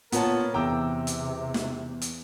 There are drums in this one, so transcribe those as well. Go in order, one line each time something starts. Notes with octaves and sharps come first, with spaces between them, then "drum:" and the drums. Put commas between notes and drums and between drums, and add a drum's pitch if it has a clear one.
A#2 B3 F4 A#4 C#5 A5, drum: hi-hat
E2 C3 G5 A#5 D6 E6
drum: hi-hat
drum: snare
drum: hi-hat